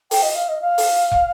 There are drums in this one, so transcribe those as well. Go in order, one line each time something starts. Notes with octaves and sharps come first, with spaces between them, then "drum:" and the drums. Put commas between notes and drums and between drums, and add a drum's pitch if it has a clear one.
G5, drum: open hi-hat
D#5
F5
D#5
F5
drum: open hi-hat
drum: kick